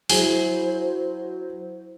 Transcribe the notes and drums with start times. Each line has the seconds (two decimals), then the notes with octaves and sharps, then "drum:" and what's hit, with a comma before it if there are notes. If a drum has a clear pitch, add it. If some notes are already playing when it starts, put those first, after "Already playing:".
0.10 F#3 E4 G#4 C5, drum: open hi-hat